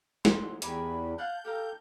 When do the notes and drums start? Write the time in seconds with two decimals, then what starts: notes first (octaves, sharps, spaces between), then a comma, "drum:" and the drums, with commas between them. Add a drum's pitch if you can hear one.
0.25 C6, drum: snare
0.62 E2 G4 A#4 G#5 B5, drum: hi-hat
1.18 F5 F#5 A5 G6
1.45 G4 A4 F5 A#5